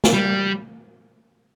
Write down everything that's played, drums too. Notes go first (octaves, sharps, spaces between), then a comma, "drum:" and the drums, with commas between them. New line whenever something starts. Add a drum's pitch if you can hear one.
drum: snare
G3